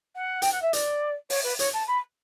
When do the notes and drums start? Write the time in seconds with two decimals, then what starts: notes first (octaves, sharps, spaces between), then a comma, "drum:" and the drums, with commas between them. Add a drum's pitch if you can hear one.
0.15 F#5
0.42 G5, drum: hi-hat
0.52 F#5
0.62 E5
0.73 D5, drum: hi-hat
1.30 C#5, drum: open hi-hat
1.44 B4
1.59 C#5, drum: hi-hat
1.73 A5
1.88 B5